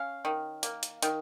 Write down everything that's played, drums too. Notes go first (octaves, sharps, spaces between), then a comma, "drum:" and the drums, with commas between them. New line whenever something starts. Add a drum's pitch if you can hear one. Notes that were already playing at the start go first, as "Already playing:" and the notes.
Already playing: C#4 F5
D#3
A#3, drum: hi-hat
drum: hi-hat
D#3, drum: hi-hat